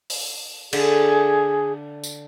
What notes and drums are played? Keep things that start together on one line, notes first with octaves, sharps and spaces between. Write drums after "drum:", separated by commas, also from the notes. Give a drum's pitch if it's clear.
drum: open hi-hat
D3 G#4 E5, drum: cymbal
drum: tambourine